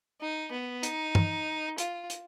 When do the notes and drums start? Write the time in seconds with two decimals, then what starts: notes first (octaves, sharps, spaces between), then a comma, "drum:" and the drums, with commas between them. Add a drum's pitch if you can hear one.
0.21 D#4
0.52 B3
0.83 D#4, drum: hi-hat
1.15 drum: tom
1.78 F4, drum: hi-hat
2.10 drum: hi-hat